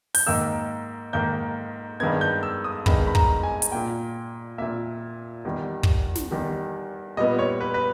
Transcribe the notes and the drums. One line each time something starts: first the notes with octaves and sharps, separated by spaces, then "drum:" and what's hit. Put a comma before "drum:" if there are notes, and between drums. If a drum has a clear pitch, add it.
G6, drum: open hi-hat
G#2 D#3 A#3 E6
G#2 D#3 A#3 G6
G2 D#3 G#3 B3 G#6
G6
E6
D#6
G2 D#3 G#3 B3 B5, drum: kick
B5
A#5, drum: kick
G#5
drum: hi-hat
A#2 A#3 G5
A#2 A#3 E5
E2 D#3 G3
drum: kick
drum: snare
E2 D#3 G3
A#2 G3 B3 D#5
C#5
B4
B4